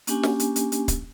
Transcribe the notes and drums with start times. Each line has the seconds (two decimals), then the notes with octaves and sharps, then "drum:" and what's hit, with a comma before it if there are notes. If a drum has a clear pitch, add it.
0.07 A#3 C#4 D4 G4 G#5, drum: hi-hat
0.23 drum: snare
0.40 drum: hi-hat
0.56 drum: hi-hat
0.72 drum: hi-hat
0.88 drum: kick, hi-hat